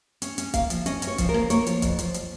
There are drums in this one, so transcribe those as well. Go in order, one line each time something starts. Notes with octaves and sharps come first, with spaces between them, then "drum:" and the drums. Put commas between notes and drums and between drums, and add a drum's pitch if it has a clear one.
C#4, drum: hi-hat
C#4, drum: hi-hat
A#3 F5, drum: kick, hi-hat
F3, drum: hi-hat
C#4 D#5, drum: hi-hat
C#4, drum: hi-hat
C#5
F3, drum: kick, hi-hat
A#4
A#3, drum: rim click
A#3 C#5, drum: hi-hat
F3, drum: hi-hat
F2, drum: kick, hi-hat
F3, drum: hi-hat
drum: hi-hat